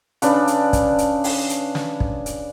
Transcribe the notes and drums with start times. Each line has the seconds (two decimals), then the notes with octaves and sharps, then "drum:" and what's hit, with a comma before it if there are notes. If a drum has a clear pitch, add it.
0.22 C#3 D4 B4 B5, drum: hi-hat
0.47 drum: hi-hat
0.73 drum: kick, hi-hat
0.98 drum: hi-hat
1.24 drum: open hi-hat
1.49 drum: hi-hat
1.75 drum: snare
2.00 drum: kick
2.26 drum: hi-hat